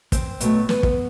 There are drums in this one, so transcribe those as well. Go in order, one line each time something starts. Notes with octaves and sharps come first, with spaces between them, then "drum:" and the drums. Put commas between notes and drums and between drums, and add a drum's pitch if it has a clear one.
C4, drum: kick, hi-hat
B2 F#3 A3, drum: hi-hat
B3, drum: snare
drum: kick